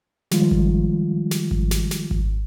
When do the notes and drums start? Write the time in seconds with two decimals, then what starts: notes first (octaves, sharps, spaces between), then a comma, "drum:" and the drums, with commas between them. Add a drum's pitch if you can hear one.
0.31 D#3 F3 G3 G#3 F4, drum: snare
0.51 drum: kick G#1
1.31 drum: snare
1.51 drum: kick G#1
1.71 drum: snare
1.91 drum: snare
2.11 drum: kick G#1